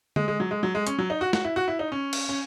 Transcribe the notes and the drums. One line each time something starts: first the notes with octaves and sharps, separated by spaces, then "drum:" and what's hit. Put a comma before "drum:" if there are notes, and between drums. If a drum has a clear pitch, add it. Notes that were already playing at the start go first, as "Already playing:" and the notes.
G#3, drum: tom D3
G#3
F#3
G#3
F#3
G#3
C#4, drum: hi-hat
F#3
D#4
F#4
F#4, drum: snare
E4
F#4
E4
D#4
C#4
drum: cymbal
C#4